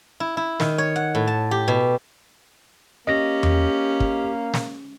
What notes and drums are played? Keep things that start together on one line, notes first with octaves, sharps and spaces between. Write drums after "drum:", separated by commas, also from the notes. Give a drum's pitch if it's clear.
E4
E4
D#3, drum: snare
C#5
F#5
A2
A5
G4
B2
A#3 C#4 G4 D#5 A#6
drum: tom E2
drum: kick
drum: snare